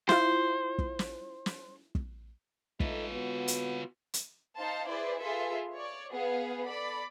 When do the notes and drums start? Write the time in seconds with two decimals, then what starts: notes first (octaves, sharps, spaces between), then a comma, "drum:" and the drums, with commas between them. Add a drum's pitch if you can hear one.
0.09 E4 F4 C5, drum: snare
0.79 drum: kick
0.99 drum: snare
1.46 drum: snare
1.95 drum: kick
2.80 A3 D#4 F4 B4, drum: kick
3.13 B3 F#4
3.48 drum: hi-hat
4.14 drum: hi-hat
4.56 D#4 C5 F5 A5
4.89 E4 G#4 B4 C5 D5
5.21 F4 G#4 A4 B4 E5
5.73 C#5 D5
6.12 B3 G#4 B4 F5
6.64 A4 D5 B5